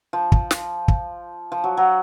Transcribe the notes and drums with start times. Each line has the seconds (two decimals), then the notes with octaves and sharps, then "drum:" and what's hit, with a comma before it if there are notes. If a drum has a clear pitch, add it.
0.13 F3
0.32 drum: kick
0.51 drum: snare
0.88 drum: kick
1.52 F3
1.64 F#3
1.77 F#3